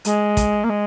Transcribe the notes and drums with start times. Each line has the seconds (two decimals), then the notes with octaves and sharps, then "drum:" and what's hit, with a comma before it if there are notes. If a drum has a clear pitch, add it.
0.05 G#3, drum: hi-hat
0.37 drum: kick, hi-hat
0.63 A#3
0.69 G#3